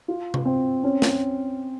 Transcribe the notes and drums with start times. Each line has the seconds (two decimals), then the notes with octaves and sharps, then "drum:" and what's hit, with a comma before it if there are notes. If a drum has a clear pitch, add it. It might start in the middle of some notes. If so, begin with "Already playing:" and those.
0.08 F4
0.34 drum: tom C3
0.45 C4
0.84 C#4
1.02 drum: snare